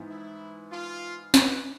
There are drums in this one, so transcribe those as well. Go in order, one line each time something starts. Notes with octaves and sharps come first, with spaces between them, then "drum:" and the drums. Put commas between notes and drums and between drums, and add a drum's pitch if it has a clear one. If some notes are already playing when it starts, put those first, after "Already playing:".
Already playing: G#2 E3 B3
E4
F4
B4, drum: snare